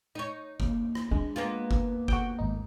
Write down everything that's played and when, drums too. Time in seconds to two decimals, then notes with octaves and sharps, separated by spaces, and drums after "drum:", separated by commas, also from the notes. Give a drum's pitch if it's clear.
0.15 D#4 C#5
0.60 A#3, drum: kick F#1
0.95 drum: rim click
1.11 G#3 D4
1.36 A#3 B3 F4
1.71 drum: kick F#1
2.08 F#4 G5, drum: kick F#1
2.39 G#1 D#4